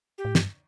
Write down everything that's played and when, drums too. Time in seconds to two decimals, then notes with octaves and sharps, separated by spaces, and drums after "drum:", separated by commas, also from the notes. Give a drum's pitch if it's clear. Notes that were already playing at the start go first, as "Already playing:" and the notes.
0.18 G4
0.25 A2
0.35 G2, drum: snare